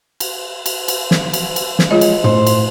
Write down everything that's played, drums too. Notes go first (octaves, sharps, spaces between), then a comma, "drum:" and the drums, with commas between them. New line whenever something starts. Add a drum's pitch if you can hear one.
drum: cymbal
drum: cymbal
drum: cymbal
drum: snare
drum: cymbal
drum: cymbal
drum: snare
G#3 F4 C#5 D#5
drum: cymbal
A2 C5, drum: tom
drum: cymbal